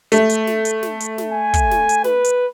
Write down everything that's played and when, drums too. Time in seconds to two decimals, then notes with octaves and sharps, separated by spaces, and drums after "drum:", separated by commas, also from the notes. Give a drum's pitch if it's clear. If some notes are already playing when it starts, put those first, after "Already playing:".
0.12 A3, drum: hi-hat
0.29 drum: hi-hat
0.47 drum: snare
0.65 drum: hi-hat
0.83 drum: snare
1.00 drum: hi-hat
1.18 drum: snare
1.32 G#5
1.54 drum: kick, hi-hat
1.71 drum: snare
1.89 drum: hi-hat
2.04 B4, drum: snare
2.24 drum: hi-hat